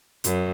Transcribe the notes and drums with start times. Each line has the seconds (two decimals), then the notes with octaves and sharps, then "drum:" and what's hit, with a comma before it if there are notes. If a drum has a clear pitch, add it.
0.24 F#2, drum: hi-hat